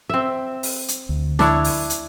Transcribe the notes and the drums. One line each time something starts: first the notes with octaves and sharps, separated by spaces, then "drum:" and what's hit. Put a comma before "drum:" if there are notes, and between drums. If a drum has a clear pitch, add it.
C4 E5
drum: open hi-hat
drum: hi-hat
D2
D4 E4 C#5, drum: snare
drum: open hi-hat
drum: hi-hat